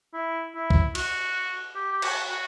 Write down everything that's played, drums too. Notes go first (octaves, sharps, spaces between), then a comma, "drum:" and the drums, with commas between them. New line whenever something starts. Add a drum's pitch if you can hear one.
E4
E4
drum: kick
F#4, drum: cymbal
G4
G4
F#4, drum: cymbal
F#4